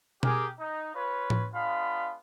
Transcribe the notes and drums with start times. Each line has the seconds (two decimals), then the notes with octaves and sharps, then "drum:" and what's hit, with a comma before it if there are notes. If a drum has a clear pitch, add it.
0.23 G4 G#4 A#4, drum: tom B2
0.59 D#4
0.94 F4 B4 C#5
1.30 drum: tom A2
1.53 G#3 B3 D4 F4 F5 B5